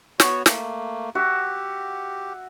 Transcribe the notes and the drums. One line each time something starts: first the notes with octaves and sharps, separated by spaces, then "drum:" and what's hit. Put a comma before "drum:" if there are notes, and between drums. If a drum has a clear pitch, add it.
B3 F#4 C#5, drum: snare
A3 A#3, drum: snare
F#4 G4 E5